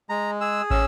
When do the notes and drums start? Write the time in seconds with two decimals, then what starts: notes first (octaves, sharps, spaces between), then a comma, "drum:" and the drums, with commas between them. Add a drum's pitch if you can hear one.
0.09 G#3 A#5
0.41 G#4 E6
0.70 C#4 E6, drum: kick